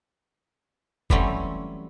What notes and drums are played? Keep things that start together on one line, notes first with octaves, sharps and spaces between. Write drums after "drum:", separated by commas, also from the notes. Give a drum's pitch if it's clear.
E3 F#3 G3 A3 C4 C#4, drum: kick F1